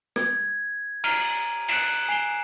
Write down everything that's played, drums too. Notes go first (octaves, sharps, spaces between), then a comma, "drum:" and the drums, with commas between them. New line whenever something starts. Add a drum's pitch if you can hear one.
G#6, drum: rim click
A#5 F6 D7 D#7 F7 G7, drum: cymbal
F#6 C#7 D7 E7 F7, drum: cymbal
G#5 C7 E7 F7 G7